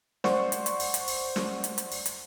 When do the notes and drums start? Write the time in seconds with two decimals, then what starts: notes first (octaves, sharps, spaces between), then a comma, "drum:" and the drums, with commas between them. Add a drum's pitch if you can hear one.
0.24 C5 D5 F#5 C6 C#6, drum: snare
0.52 drum: hi-hat
0.66 drum: hi-hat
0.80 drum: open hi-hat
0.94 drum: hi-hat
1.08 drum: open hi-hat
1.36 drum: snare
1.64 drum: hi-hat
1.78 drum: hi-hat
1.92 drum: open hi-hat
2.06 drum: hi-hat